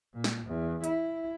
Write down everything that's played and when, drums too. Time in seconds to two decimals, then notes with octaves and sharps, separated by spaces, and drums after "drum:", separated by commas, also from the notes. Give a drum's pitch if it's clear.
0.14 A#2
0.24 drum: snare
0.47 E2
0.84 E4, drum: hi-hat